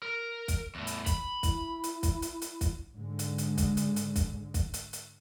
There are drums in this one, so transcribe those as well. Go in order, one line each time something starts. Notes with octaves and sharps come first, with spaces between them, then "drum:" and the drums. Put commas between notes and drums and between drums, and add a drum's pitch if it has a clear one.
A#4
drum: kick, hi-hat
E2 A2
drum: hi-hat
B5, drum: kick, hi-hat
E4, drum: kick, hi-hat
drum: hi-hat
drum: kick, hi-hat
drum: hi-hat
drum: hi-hat
drum: kick, hi-hat
G#2 D3 G#3
drum: hi-hat
drum: hi-hat
drum: kick, hi-hat
drum: hi-hat
drum: hi-hat
drum: kick, hi-hat
drum: kick, hi-hat
drum: hi-hat
drum: hi-hat